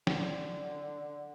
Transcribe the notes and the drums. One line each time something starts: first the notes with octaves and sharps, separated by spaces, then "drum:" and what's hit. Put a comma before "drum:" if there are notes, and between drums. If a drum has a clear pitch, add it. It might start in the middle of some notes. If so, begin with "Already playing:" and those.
D3, drum: snare